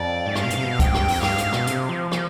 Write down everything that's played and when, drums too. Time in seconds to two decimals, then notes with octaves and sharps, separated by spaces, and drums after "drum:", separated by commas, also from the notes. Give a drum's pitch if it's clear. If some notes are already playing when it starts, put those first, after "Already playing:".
Already playing: F2 D5
0.26 G#2
0.35 G2 F5, drum: rim click
0.44 B2
0.50 G#2, drum: hi-hat
0.57 C3
0.65 B2
0.79 G#2 G5, drum: kick C#2, hi-hat
0.94 G2, drum: rim click
1.08 F2, drum: open hi-hat
1.23 G2 F5, drum: rim click
1.38 G#2, drum: hi-hat
1.53 B2, drum: rim click
1.67 C3, drum: hi-hat
1.89 F3
2.12 F3, drum: rim click